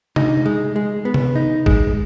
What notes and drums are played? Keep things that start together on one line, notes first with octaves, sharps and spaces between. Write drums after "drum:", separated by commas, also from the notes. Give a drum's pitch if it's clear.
D#4, drum: tom C3
G#3
G#3
B3
drum: tom C3
D#4
G#3, drum: kick